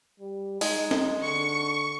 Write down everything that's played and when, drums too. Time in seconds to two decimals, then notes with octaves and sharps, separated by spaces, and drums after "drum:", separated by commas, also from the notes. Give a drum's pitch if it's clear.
0.20 G3
0.61 G#3 D#4, drum: open hi-hat
0.91 drum: snare
1.23 D3 C#6